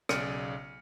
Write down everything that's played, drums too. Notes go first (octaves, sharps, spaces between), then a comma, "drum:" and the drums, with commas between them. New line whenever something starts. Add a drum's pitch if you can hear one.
B1 C#3 D5 F6 C#7 D#7, drum: rim click